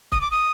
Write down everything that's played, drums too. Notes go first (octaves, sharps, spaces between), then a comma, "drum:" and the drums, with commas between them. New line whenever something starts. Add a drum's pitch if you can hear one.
D#6, drum: kick
D6
D#6